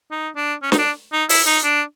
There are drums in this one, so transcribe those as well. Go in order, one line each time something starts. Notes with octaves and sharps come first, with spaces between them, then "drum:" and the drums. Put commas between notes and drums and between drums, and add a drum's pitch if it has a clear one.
D#4
D4
C#4
D#4, drum: snare
D4
D#4
E4, drum: open hi-hat
D#4
D4